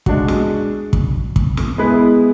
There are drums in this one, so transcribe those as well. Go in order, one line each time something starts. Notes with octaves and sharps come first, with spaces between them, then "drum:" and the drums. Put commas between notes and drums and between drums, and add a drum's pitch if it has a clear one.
G#3 D4 F#4, drum: kick
drum: snare
drum: kick
drum: kick
drum: snare
G#3 B3 E4 G#4 B4